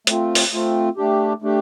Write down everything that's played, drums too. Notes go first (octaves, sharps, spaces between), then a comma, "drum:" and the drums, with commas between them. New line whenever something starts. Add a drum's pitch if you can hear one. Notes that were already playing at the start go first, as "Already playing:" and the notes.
A3 C4 F4, drum: hi-hat
drum: open hi-hat
A3 C4 F4
A3 D4 G4
A3 D4 G4